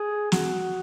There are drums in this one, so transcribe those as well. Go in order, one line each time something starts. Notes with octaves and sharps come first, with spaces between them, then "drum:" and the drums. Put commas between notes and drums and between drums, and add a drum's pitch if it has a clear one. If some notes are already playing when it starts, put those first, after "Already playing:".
Already playing: G#4
F#4, drum: snare